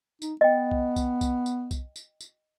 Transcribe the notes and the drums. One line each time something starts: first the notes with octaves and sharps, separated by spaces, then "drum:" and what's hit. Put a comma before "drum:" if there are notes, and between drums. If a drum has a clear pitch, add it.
D#4, drum: tambourine
B3 D#5 G5
drum: kick
drum: kick, tambourine
drum: kick, tambourine
drum: tambourine
drum: kick, tambourine
drum: tambourine
drum: tambourine